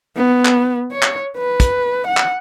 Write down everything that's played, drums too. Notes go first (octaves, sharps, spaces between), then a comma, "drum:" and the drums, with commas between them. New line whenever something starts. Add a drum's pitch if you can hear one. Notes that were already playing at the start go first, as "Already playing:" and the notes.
B3
drum: clap
C#5
drum: clap
B4
drum: kick, hi-hat
F#5
drum: clap